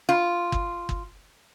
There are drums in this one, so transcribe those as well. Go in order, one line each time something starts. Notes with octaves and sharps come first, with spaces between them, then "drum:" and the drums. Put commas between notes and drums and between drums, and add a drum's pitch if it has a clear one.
F4
drum: kick
drum: kick